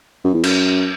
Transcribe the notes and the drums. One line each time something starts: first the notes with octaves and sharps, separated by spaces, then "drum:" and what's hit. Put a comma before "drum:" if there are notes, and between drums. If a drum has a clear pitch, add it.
F#2
E2
F#2, drum: cymbal